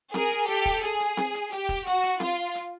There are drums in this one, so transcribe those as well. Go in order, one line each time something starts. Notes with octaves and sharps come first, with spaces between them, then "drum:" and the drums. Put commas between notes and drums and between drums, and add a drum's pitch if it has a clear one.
G#4 A#4, drum: snare C4
drum: hi-hat
G4 A4, drum: hi-hat
drum: kick, hi-hat
G#4, drum: hi-hat
drum: hi-hat
drum: snare C4
drum: hi-hat
G4, drum: hi-hat
drum: kick, hi-hat
F#4, drum: hi-hat
drum: hi-hat
F4, drum: snare C4
drum: hi-hat